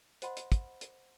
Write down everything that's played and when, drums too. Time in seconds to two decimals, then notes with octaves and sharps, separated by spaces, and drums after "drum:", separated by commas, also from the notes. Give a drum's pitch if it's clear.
0.22 C5 D#5 F#5 B5 C6, drum: hi-hat
0.37 drum: hi-hat
0.52 drum: kick, hi-hat
0.81 drum: hi-hat